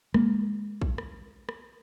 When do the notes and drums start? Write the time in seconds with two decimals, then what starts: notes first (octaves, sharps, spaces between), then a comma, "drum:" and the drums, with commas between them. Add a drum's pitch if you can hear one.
0.14 G#3 A#3, drum: rim click
0.82 drum: kick A#1
0.98 drum: rim click
1.49 drum: rim click